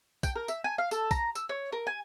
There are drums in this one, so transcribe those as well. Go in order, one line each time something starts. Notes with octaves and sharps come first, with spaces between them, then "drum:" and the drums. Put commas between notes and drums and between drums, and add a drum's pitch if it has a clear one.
G5, drum: kick, tambourine
A#4
E5, drum: tambourine
G#5
F5
A4, drum: tambourine
A#5, drum: kick, tambourine
E6, drum: tambourine
C#5
A#4
G#5